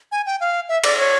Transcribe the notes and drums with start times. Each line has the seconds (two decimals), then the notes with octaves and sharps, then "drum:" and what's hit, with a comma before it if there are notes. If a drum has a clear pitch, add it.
0.12 G#5
0.26 G5
0.41 F5
0.69 E5
0.84 D5, drum: cymbal
0.98 C#5